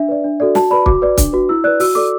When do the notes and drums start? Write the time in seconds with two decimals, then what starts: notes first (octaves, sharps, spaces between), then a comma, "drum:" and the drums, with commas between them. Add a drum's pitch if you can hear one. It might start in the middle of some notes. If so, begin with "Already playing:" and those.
Already playing: D4 E5
0.09 B4 D5
0.24 D4
0.40 F#4 A4 D5
0.55 F#4 A5, drum: snare
0.71 B4 D5 B5
0.86 F#4 D6, drum: kick
1.02 B4 D5
1.17 D4, drum: kick, hi-hat
1.33 F#4 B4
1.49 E4 E6
1.64 B4 D5 F#6
1.80 F#4 E6, drum: open hi-hat
1.95 A4 D5 D6